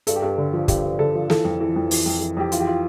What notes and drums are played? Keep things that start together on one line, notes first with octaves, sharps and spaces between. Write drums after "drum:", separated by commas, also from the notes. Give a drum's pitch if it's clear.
G2 A4, drum: hi-hat
G4
G2 A4
D3
F3
G2 G4, drum: kick, hi-hat
G2
D3 A4
F3
E3 A4, drum: snare
F2
E3
F2
E3, drum: open hi-hat
F2
E3
F2 G4
E3 F4, drum: hi-hat
G4
F4